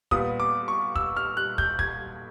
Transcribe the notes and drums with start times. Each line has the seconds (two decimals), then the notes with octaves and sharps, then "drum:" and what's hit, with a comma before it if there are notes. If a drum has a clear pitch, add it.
0.11 A#2 G3 B3 D#6, drum: kick
0.40 D6
0.68 C#6
0.96 E6, drum: kick
1.17 F6
1.37 F#6
1.58 G6, drum: kick
1.79 G#6, drum: kick